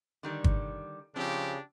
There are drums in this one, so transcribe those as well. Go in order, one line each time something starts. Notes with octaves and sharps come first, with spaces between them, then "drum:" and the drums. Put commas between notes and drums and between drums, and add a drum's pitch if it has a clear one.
D3 D#3 G3
drum: kick
C#3 F3 C4 D4 G4